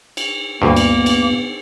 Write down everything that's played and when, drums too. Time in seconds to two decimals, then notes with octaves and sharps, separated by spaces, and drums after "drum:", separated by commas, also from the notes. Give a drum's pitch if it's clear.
0.17 drum: cymbal
0.62 D2 G2 A#3 B3
0.76 drum: cymbal
1.06 drum: cymbal